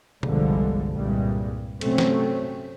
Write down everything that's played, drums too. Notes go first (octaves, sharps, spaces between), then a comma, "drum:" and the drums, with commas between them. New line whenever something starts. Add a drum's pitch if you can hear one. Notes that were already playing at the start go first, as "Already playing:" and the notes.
G1 C2 D3 F3 G3 G#3, drum: tom B2
C2 G2 A#2 G3 G#3
C3 F#3 A3 C4 C#4, drum: cymbal
drum: snare